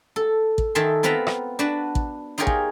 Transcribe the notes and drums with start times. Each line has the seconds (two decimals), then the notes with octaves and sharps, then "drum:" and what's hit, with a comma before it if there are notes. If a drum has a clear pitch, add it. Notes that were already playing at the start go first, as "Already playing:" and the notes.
0.16 A4
0.58 drum: kick
0.75 D#3 A4 E5 G#5 A5 C6
1.03 B3 C4 F4 B4 A#5 B5
1.27 drum: rim click
1.59 D4 F#4 B4 A5
1.95 drum: kick
2.38 D#4 F4 G4 G#4 A#4 C#5
2.47 drum: kick